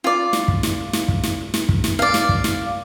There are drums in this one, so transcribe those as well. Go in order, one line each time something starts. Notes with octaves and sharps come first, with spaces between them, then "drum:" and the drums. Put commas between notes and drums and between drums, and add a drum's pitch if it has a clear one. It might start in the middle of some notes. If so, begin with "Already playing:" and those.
F4 D5
drum: snare
drum: kick
drum: snare
drum: snare
drum: kick
drum: snare
drum: snare
drum: kick
drum: snare
D5 F5
drum: snare
drum: kick
drum: snare